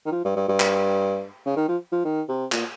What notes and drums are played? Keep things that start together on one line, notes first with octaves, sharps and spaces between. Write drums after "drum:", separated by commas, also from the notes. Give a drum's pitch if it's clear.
D#3
F3
G2
G2
G2
drum: clap
C#3
D#3
F3
F3
D#3
C3
A#2, drum: clap